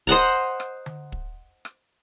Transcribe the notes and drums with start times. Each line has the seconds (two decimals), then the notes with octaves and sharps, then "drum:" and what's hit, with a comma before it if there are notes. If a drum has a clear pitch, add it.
0.07 C5 D#5 F#5 A#5, drum: kick
0.60 drum: rim click
0.86 drum: tom D3
1.12 drum: kick
1.65 drum: rim click